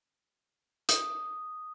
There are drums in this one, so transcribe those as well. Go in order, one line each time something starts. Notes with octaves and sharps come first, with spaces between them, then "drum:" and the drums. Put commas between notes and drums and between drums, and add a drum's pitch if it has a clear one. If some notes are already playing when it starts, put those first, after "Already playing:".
D#6, drum: hi-hat